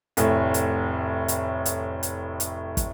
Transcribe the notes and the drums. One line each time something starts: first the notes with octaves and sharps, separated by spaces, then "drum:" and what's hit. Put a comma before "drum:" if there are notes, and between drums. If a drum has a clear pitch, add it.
F1 A2, drum: hi-hat
drum: hi-hat
drum: hi-hat
drum: hi-hat
drum: hi-hat
drum: hi-hat
drum: kick, hi-hat